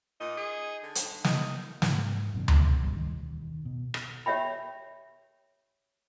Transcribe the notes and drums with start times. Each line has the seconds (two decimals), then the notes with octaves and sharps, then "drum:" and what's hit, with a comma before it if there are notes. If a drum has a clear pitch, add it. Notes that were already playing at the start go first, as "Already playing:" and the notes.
0.20 A#2 D#4
0.37 G#4
0.83 D3
0.95 drum: hi-hat
1.24 D#4, drum: snare
1.82 G#2, drum: snare
2.34 F#2 B2 D#3
2.48 drum: tom D2
2.80 G#1 C#2 G3
2.96 E1 D#3
3.65 B2
3.94 drum: rim click
4.26 G4 C#5 E5 G5 B5